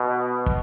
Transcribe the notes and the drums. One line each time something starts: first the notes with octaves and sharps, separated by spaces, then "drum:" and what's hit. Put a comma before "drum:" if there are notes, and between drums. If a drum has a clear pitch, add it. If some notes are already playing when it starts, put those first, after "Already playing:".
Already playing: B2
drum: kick